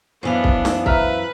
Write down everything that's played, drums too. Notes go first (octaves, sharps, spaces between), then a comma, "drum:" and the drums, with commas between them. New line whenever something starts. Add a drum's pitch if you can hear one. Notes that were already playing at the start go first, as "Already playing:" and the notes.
F#2 E3 B3 D4 C5 F5
drum: kick
drum: snare
B4 E5 A#5 F6, drum: kick